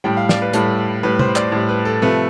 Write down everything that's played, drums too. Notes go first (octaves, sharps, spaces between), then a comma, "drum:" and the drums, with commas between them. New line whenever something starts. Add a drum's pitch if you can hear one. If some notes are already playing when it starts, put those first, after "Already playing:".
A2 G3 G5
F5
D5, drum: snare
B4
A2 G3 A4, drum: hi-hat
A2 G3 B4
C5, drum: tom
D5, drum: clap
A2 G3
B4
A4
C3 F3 A3 B4